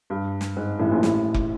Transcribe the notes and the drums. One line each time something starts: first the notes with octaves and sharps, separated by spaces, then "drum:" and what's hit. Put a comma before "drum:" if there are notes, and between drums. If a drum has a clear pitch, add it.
G2
drum: snare
G#2
A1 A2
A#1 A#2
A1 A2, drum: snare
drum: kick F1